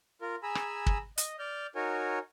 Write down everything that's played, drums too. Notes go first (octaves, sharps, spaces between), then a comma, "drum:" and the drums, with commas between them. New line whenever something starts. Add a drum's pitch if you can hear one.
F4 A#4
G#4 G#5 A#5 B5 E6
drum: rim click
drum: kick
D#5, drum: hi-hat
D5 F6 G6
D#4 F#4 A#4 C#5 G#5